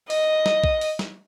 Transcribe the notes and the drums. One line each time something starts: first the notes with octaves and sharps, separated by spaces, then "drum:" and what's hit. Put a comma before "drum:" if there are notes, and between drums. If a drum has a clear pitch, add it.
D#5, drum: open hi-hat
drum: snare
drum: kick
drum: open hi-hat
drum: snare